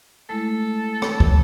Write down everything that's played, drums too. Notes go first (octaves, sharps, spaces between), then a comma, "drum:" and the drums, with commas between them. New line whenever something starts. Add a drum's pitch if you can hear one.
G#3 A3 E4 A4
drum: rim click
drum: kick